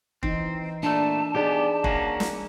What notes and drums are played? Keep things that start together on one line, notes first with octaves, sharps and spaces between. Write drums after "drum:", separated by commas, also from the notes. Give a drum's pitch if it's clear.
E3 C4 D#4, drum: kick
A#2 A3 D4 A5
B3 D#4 G4 G#4 D5
A#3 C#4 F#4, drum: kick
drum: snare